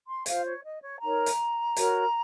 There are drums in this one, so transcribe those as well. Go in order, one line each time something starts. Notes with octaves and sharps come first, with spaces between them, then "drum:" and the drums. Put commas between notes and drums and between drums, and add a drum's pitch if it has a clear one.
C6
F4 C5 F5, drum: hi-hat
C#5
D#5
C#5
D#4 A#4 C#5 A#5
drum: hi-hat
F#4 A#4 C#5, drum: hi-hat